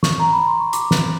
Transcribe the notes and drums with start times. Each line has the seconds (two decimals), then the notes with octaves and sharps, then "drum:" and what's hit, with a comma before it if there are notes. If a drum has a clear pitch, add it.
0.03 C#6, drum: snare
0.20 A#5
0.33 B5
0.47 C6
0.60 C#6
0.73 D6, drum: hi-hat
0.91 drum: snare